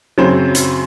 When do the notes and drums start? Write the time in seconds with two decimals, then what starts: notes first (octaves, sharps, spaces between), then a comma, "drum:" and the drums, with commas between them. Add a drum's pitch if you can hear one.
0.18 F#2 C#3 F#3 C4 C5
0.55 drum: hi-hat